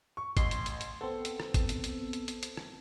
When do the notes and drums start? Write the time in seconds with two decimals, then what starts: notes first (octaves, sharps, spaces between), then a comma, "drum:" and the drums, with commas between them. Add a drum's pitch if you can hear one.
0.17 C#6
0.37 A1 C6, drum: kick A1, hi-hat
0.51 drum: hi-hat
0.66 drum: hi-hat
0.81 drum: hi-hat
1.01 B3 C4 A4
1.25 drum: hi-hat
1.40 drum: rim click
1.54 drum: kick A1, hi-hat
1.69 drum: hi-hat
1.84 drum: hi-hat
2.13 drum: hi-hat
2.28 drum: hi-hat
2.43 drum: hi-hat
2.57 drum: rim click